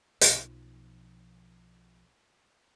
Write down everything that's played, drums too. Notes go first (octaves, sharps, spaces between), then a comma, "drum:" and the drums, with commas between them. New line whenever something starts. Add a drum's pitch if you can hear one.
B1 F3, drum: hi-hat